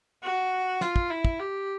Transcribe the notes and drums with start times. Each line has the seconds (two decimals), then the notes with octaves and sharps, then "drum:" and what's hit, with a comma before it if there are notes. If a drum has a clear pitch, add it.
0.23 F#4
0.81 F4, drum: snare
0.96 drum: kick
1.10 E4
1.25 drum: kick
1.39 G4